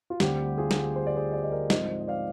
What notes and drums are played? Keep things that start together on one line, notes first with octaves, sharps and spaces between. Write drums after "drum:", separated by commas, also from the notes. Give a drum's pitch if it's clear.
F4
D2 D3 G3 C4 G4, drum: snare
F4 G#4
drum: snare
C5
D5
G#4 C5
D5
D#5
A#4 D5
G#2 F3 C4 C5 D#5, drum: snare
D#5
D5 F5